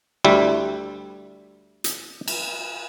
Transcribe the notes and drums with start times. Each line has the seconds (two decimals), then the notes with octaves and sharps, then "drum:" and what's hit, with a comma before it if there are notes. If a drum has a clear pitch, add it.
0.24 D2 G3 E4 E5
1.84 drum: hi-hat
2.28 drum: cymbal